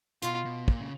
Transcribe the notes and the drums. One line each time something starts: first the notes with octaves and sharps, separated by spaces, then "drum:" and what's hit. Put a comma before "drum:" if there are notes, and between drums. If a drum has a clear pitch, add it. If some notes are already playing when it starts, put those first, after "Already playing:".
B2 F4, drum: hi-hat
B2
A#2, drum: kick
C#3